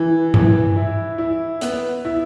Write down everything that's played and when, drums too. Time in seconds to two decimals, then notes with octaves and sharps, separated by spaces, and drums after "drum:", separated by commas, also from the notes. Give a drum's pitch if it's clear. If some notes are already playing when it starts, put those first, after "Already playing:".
Already playing: E3
0.34 E3, drum: tom G2
0.76 E4
1.18 E4
1.61 B3, drum: hi-hat
2.05 E4